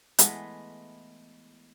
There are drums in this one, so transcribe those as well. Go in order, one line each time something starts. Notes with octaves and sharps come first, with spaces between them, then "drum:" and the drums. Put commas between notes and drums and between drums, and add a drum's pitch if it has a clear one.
E3 G#3 A3 B3, drum: hi-hat